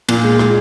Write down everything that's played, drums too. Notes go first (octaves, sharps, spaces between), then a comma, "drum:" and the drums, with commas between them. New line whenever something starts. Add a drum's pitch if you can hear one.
A#2, drum: cymbal
G#3
G#3, drum: rim click